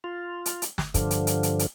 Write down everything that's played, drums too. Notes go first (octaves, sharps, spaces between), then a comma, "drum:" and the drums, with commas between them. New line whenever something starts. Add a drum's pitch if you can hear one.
F4
drum: hi-hat
drum: hi-hat
drum: snare
G2 D3 F3, drum: kick, hi-hat
drum: hi-hat
drum: hi-hat
drum: hi-hat
drum: hi-hat